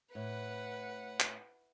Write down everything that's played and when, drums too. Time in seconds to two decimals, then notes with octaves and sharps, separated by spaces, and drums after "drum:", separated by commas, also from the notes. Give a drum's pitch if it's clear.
0.15 A2 B4 F#5
1.20 drum: clap